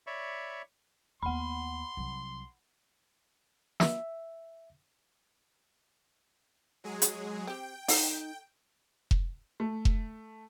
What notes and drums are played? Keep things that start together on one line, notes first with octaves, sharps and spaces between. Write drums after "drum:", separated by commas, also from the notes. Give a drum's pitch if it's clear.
C#5 D5 E5 B5 C#6
D#2 B3 F#5 B5 C6
C2 F#3
E5, drum: snare
F#3 G#3 G#4
drum: hi-hat
C4 G4 G5
D#4 A4 D#5 F#5, drum: open hi-hat
drum: kick F1
A3
drum: kick F1